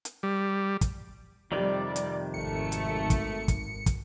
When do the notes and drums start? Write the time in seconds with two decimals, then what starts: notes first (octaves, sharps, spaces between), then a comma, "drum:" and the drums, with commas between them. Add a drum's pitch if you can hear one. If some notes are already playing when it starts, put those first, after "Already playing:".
0.05 drum: hi-hat
0.23 G3
0.81 drum: kick, hi-hat
1.52 F2 C3 D#3 G3 D5
1.96 drum: hi-hat
2.34 G#1 A3 C#7
2.72 drum: hi-hat
3.10 drum: kick, hi-hat
3.48 drum: kick, hi-hat
3.86 drum: kick, hi-hat